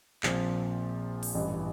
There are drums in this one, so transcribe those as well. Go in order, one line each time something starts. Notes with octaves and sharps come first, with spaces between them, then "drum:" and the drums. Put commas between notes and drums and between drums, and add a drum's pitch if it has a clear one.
A#1 A#2 F3 C4 F4, drum: clap
drum: open hi-hat
A1 G2 E3